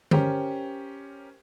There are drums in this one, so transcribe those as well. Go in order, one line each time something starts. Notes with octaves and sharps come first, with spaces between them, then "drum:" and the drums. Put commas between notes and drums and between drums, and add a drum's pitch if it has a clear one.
C#4 G4 A#4 C5, drum: tom D3